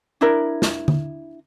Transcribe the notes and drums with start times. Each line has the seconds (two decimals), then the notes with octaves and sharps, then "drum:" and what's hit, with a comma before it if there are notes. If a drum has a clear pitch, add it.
0.21 D4 E4 A#4
0.62 drum: snare
0.88 drum: tom D3